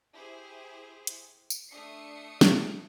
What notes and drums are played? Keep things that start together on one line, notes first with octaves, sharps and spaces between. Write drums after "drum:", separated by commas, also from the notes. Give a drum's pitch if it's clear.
E4 G4 G#4 C5
drum: hi-hat
drum: tambourine
A3 D4 E5 D#6 C7 C#7
drum: snare